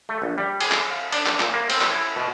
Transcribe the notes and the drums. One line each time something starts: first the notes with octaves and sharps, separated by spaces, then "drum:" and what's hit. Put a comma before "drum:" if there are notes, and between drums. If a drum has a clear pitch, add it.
A3
A#1
G3
G#4, drum: cymbal
drum: clap
F5
D4, drum: cymbal
drum: clap
A#2, drum: clap
A#3
C4, drum: cymbal
drum: clap
E4
B2